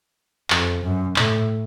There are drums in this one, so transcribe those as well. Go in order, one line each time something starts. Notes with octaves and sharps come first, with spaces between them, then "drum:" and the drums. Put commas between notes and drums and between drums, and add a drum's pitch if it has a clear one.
F2, drum: clap
F#2
A2, drum: clap